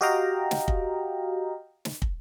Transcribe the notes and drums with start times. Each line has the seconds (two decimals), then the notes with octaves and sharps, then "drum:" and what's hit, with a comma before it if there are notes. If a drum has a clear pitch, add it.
0.01 F#4 G4 D#5 F5 G5 A#5
0.51 drum: snare
0.68 drum: kick
1.85 drum: snare
2.02 drum: kick